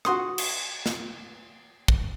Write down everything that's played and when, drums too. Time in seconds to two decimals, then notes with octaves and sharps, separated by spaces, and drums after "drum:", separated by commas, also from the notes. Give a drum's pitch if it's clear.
0.05 F#4 C6 D#6, drum: rim click
0.38 drum: cymbal
0.86 drum: snare
1.88 drum: kick